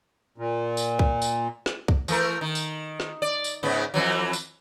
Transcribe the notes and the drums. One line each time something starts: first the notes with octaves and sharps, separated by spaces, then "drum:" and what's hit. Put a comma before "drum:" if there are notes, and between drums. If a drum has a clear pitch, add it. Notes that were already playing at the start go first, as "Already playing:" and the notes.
A#2
drum: tambourine
drum: kick C2
drum: tambourine
drum: snare
drum: kick C2
E3 A3 A#4, drum: tambourine
D#3
drum: tambourine
drum: snare
D5
drum: tambourine
G#2 C#3 B3
F2 E3 F#3
drum: tambourine